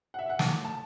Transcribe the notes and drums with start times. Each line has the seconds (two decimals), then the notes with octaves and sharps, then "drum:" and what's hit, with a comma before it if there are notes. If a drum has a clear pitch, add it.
0.14 F#5
0.19 E5
0.29 F#5
0.39 A5, drum: snare
0.65 A5